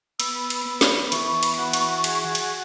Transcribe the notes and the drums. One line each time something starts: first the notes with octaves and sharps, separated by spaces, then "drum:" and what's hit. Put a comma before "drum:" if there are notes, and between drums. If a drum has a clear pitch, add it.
B3 E6, drum: cymbal
drum: cymbal
B3 B5
drum: snare
E3 C#6, drum: cymbal
drum: cymbal
F#4
drum: cymbal
G#4, drum: cymbal
drum: cymbal